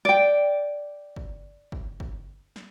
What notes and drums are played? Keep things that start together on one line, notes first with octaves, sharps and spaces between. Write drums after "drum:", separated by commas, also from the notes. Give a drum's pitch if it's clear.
D5 G5
drum: kick
drum: kick
drum: kick
drum: snare